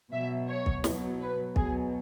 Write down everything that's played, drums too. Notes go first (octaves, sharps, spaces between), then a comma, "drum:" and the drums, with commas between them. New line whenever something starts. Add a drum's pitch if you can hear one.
B2 F#3 E5
C#5
drum: kick
B2 F#3, drum: snare
B4
B2 F#3 G#4, drum: kick